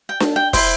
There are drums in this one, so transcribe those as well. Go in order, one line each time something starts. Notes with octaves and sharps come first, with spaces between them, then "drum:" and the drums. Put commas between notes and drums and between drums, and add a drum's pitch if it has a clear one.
G5
A5, drum: snare D4
G5
E4 C5 C6, drum: kick, open hi-hat